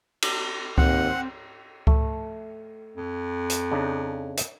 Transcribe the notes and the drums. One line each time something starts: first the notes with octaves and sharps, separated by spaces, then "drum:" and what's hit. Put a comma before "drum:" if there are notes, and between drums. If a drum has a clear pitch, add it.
drum: cymbal
D#2 C4 F#5, drum: kick C#2
A3, drum: kick C#2
F2
drum: hi-hat
C#3 D4 D#4
drum: hi-hat